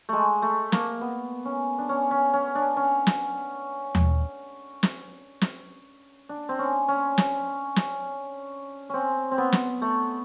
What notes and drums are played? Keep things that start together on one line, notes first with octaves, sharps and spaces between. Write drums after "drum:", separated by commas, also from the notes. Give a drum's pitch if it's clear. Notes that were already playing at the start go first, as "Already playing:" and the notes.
G#3 A3
A3
A#3, drum: snare
B3
C#4
D4
C#4
C#4
C#4
D4
C#4
drum: snare
drum: tom D#2
drum: snare
drum: snare
D4
C4
C#4
C#4
drum: snare
drum: snare
C4 C#4
C4
B3
drum: snare
A3